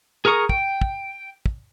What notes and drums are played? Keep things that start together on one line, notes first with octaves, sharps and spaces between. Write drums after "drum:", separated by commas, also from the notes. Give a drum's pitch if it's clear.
G#4 A#4 A#5 C#6 D#6
G5, drum: kick
drum: kick
drum: kick